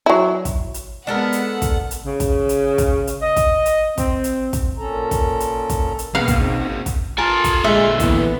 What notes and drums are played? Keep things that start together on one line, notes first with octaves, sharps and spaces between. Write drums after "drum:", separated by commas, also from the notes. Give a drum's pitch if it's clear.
F#3 E4
drum: kick, hi-hat
drum: hi-hat
G#3 B3 D4 A4 A#4 F#5
drum: hi-hat
drum: kick, hi-hat
drum: hi-hat
C#3
drum: kick, hi-hat
drum: hi-hat
drum: kick, hi-hat
drum: hi-hat
D#5
drum: kick, hi-hat
drum: hi-hat
C4, drum: kick, hi-hat
drum: hi-hat
drum: kick, hi-hat
A#2 C#4 A4 A#5
drum: kick, hi-hat
drum: hi-hat
drum: kick, hi-hat
drum: hi-hat
C#2 B2 A#3 B3 B4 F5 F#5
drum: kick, hi-hat
C4 D#4
A#3 F#4
drum: kick, hi-hat
F4 A4 A#4 G#5
drum: kick, hi-hat
A#2 D3 G#3 E5
E3 B3, drum: kick, hi-hat